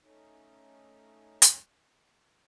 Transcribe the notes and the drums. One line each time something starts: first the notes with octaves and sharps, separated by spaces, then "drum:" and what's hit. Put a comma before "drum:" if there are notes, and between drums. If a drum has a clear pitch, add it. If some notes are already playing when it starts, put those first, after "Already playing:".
A3 C#4 D#4
drum: hi-hat